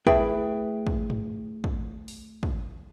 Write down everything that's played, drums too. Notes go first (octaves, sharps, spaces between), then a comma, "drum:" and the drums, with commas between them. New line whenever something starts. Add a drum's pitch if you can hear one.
A3 E4 G#4 B4 E5 G5, drum: kick
drum: kick
drum: tom G2
drum: kick
drum: open hi-hat
drum: kick